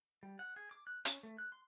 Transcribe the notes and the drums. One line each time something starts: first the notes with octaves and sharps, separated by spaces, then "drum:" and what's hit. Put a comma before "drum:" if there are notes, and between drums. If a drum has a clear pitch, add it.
G3
F#5
G#4
D6
F#6
C#4, drum: hi-hat
A3
F#6
C6